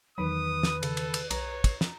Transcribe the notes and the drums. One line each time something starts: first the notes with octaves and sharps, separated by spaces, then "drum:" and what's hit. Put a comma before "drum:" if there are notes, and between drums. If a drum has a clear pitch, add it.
E2 D#3 F#3 B4 B5 D#6
drum: snare
C#3 A4, drum: cymbal
drum: cymbal
drum: cymbal
B1 C#5 A#5, drum: cymbal
drum: kick, cymbal
drum: snare